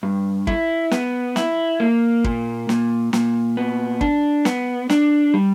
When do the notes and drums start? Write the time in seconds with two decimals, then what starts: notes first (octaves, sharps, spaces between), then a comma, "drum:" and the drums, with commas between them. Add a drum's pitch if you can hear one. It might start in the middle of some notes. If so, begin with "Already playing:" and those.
0.03 G2
0.47 E4, drum: kick
0.91 B3, drum: snare
1.36 E4, drum: snare
1.80 A#3
2.24 A#2, drum: kick
2.69 A#2, drum: snare
3.13 A#2, drum: snare
3.57 B3
4.01 D4, drum: kick
4.45 B3, drum: snare
4.90 D4, drum: snare
5.34 G3